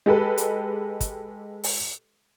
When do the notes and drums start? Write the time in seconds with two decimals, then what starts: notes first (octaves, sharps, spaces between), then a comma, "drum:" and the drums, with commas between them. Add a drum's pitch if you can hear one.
0.06 G#3 G4 A4 B4
0.38 drum: hi-hat
1.01 drum: kick, hi-hat
1.64 drum: open hi-hat